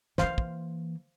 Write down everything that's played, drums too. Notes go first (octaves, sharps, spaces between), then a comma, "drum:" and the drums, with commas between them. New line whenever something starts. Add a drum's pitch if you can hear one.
E3 A#3 C5 F5, drum: snare
drum: kick